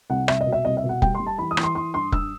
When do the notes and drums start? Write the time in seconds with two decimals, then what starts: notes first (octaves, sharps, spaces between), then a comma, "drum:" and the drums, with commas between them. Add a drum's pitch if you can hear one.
0.10 C2 F#5
0.28 C2 E5, drum: rim click
0.41 D#5
0.46 B2
0.52 E5
0.65 C2 D#5
0.77 E5
0.84 B2
0.89 F#5
1.02 G3 G5, drum: kick F1
1.15 C6
1.20 G3
1.27 A5
1.38 E3 B5
1.51 D#6
1.57 E3, drum: rim click
1.63 C6
1.75 E3 C6
1.94 G2 C6
2.12 G2 E6, drum: kick F1